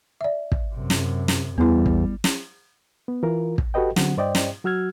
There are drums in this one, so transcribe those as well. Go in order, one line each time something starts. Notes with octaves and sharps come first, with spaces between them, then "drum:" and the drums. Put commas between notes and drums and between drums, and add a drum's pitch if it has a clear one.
D5 E5
drum: kick
F#2 C3
drum: snare
drum: snare
E2 G3 B3 E4
drum: kick
drum: snare
B3
E3 F4 A#4
drum: kick
F#4 G4 A4 B4 D#5 G5
D3 F#3 C4 F#5, drum: snare
G2 C5 D5 D#5 G5
drum: snare
F#3 F#4 E6 F6 G#6